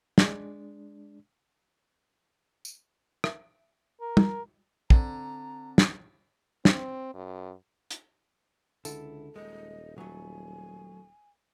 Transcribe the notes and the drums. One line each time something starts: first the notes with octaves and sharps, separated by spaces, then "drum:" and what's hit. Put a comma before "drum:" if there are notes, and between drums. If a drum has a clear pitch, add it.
G#3 D4, drum: snare
drum: tambourine
drum: rim click
A#4
drum: tom
D3 C4 A#5, drum: kick
drum: snare
C4, drum: snare
F#2
drum: hi-hat
C#2 D3 E4 A4, drum: tambourine
D#1 G#3 D#5
F#3 A3 G#5